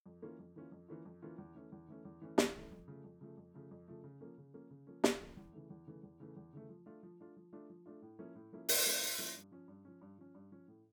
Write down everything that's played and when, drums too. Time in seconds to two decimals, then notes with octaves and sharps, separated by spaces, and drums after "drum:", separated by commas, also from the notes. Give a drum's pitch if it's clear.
0.06 F2
0.22 E3 A#3 C#4 F4
0.39 F2
0.56 E3 A#3 C#4 F4
0.72 F2
0.88 E3 A#3 C#4 F4
1.05 F2
1.22 E3 A#3 C#4 F4
1.38 E2
1.55 E3 A3 C#4
1.72 E2
1.88 E3 A3 C#4
2.05 E2
2.22 E3 A3 C#4
2.38 E2, drum: snare
2.54 E3 A3 C#4
2.71 F2
2.88 C#3 F3 A3
3.04 F2
3.21 C#3 F3 A3
3.37 F2
3.54 C#3 F3 A3
3.71 F2
3.88 C#3 F3 A3
4.04 C#3
4.21 F3 A#3 C#4
4.38 C#3
4.54 F3 A#3 C#4
4.70 C#3
4.87 F3 A#3 C#4
5.04 C#3, drum: snare
5.20 F3 A#3 C#4
5.37 E2
5.53 C#3 E3 A3
5.70 E2
5.87 C#3 E3 A3
6.03 E2
6.20 C#3 E3 A3
6.36 E2
6.53 C#3 E3 A3
6.69 F3
6.86 A3 D4 F4
7.03 F3
7.20 A3 D4 F4
7.36 F3
7.53 A3 D4 F4
7.70 F3
7.86 A3 D4 F4
8.02 A2
8.19 F3 A#3 C#4 E4
8.35 A2
8.53 F3 A#3 C#4 E4
8.69 A2, drum: open hi-hat
8.85 F3 A#3 C#4 E4
9.02 A2
9.18 F3 A#3 C#4 E4
9.35 G2
9.52 F3 C#4
9.68 G2
9.85 F3 C#4
10.01 G2
10.18 F3 C#4
10.35 G2
10.52 F3 C#4
10.68 A2